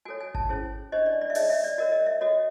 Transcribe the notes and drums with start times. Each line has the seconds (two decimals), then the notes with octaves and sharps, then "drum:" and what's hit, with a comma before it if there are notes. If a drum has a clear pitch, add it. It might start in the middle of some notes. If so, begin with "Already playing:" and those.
0.05 F#4 A4 C#5 G#5
0.20 G#5
0.35 A5, drum: kick G#1
0.49 C#4 E4 G#4 C5
0.92 D4 G4 C5 D#5
1.06 D5
1.21 D5
1.30 E5
1.35 D#4 G#4 C#5 D#5, drum: open hi-hat
1.50 E5
1.64 D5
1.78 F#4 A#4 C#5 D#5
1.92 D#5
2.06 E5
2.21 F#4 A4 C#5 D#5